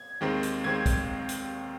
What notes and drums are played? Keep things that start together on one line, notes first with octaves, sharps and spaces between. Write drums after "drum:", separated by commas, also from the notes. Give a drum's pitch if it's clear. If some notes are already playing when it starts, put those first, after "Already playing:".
Already playing: G#6
D#2 D#3 G#3 C4
drum: hi-hat
D#2 D#3 G#3 C4 G#6
drum: kick, hi-hat
drum: hi-hat